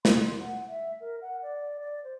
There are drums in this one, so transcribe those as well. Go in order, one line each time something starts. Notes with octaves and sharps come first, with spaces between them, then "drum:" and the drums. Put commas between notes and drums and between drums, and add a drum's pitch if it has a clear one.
C6, drum: snare
F#5
E5
A#4
F#5
D5
D5
C5